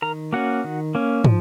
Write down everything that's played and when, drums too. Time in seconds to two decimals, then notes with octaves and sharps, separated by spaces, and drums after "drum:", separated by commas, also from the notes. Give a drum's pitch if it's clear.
0.02 D#3 A#4 A#5
0.33 A#3 C#4 F#4 F#5
0.64 D#3
0.95 A#3 C#4
1.24 F3, drum: tom